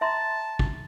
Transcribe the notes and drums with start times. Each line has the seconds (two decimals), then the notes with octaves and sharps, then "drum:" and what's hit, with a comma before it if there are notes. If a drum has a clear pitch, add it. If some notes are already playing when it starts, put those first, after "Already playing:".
0.01 E5 A5 A#5 C6
0.59 drum: kick